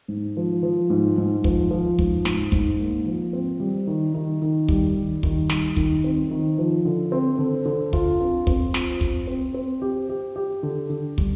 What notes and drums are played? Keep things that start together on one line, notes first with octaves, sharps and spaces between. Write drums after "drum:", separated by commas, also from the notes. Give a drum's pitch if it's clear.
G#2
F3
F3
G#2
G#2
F3, drum: kick
F3
G#2, drum: kick
G#2, drum: snare
G#2, drum: kick
A#3
F3
C4
G3
D#3
D#3
D#3
G3, drum: kick
D#3
D#3, drum: kick
G3, drum: snare
D#3, drum: kick
C4
D#3
F3
D3
C4
D3
D3
F4, drum: kick
C4
C4, drum: kick
F4, drum: snare
C4, drum: kick
C4
C4
G4
G4
G4
D3
D3
G3, drum: kick